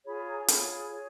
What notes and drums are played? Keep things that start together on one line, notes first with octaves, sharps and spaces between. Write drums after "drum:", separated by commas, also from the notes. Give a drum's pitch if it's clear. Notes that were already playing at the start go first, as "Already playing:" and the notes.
F4 G#4 C#5 B5
B5
A#5
G#5
F4 G#4 C#5 B5, drum: hi-hat
G#4 C#5